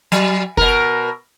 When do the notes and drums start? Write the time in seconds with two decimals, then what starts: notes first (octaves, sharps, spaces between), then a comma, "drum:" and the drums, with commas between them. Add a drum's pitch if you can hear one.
0.12 F#3, drum: hi-hat
0.57 B2 A#4, drum: kick